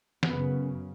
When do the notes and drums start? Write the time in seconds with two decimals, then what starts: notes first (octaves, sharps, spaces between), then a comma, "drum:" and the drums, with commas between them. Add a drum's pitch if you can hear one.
0.23 F#2 C#3 B3, drum: snare